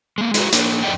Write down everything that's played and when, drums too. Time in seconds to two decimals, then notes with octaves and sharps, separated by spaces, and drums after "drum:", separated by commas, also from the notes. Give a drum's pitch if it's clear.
0.18 G#3 A#3
0.34 G#3 F#4, drum: hi-hat
0.53 A#3 D4, drum: hi-hat
0.83 F2 D5 D#5 G5